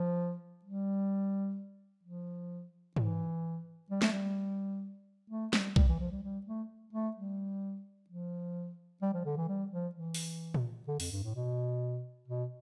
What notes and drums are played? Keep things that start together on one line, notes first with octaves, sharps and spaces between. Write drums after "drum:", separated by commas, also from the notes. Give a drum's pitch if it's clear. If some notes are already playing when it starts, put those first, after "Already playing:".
Already playing: F3
G3
F3
E3, drum: tom G#2
G3
A3, drum: snare
G3
A3
G3, drum: snare
G3, drum: kick B1
E3
F3
G3
G3
A3
A3
G3
F3
G3
F3
D3
E3
G3
F3
E3
drum: open hi-hat
drum: tom A#2
D3
F2, drum: open hi-hat
G2
A2
B2
B2